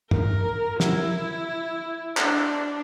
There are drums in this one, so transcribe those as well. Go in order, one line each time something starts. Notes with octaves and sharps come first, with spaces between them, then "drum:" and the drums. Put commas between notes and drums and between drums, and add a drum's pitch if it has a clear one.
A#4, drum: tom
E4, drum: snare
D4, drum: clap